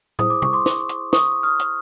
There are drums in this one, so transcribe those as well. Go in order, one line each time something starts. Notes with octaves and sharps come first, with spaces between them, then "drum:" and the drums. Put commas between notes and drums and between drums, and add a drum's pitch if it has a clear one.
E4 G#4 C5 D#6, drum: tom
D6
C#6, drum: tom
C6 D6
drum: snare
drum: hi-hat
C#6 D#6, drum: snare
D#6 F6
drum: hi-hat